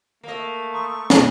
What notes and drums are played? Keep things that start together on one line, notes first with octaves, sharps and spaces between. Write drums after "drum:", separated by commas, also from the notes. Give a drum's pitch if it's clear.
A3 A#3 D#5
A#5 C6 C#6 D#6
drum: snare